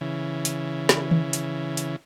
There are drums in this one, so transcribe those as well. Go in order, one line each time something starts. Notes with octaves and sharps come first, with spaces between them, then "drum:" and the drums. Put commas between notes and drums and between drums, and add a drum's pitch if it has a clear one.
C#3 E3
drum: hi-hat
drum: snare
drum: tom D#3
drum: hi-hat
drum: hi-hat